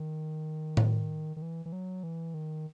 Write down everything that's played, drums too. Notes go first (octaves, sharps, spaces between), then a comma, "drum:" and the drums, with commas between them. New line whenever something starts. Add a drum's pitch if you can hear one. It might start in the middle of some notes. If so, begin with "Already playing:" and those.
Already playing: D#3
drum: tom A2
D#3
E3
E3
F#3
E3
D#3